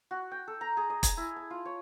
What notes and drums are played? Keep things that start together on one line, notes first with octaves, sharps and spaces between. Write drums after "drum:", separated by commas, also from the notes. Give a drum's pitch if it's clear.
F#4
G5
A4
A#5
G#4
D#5
G#5, drum: kick, hi-hat
E4
A5
F4
C#5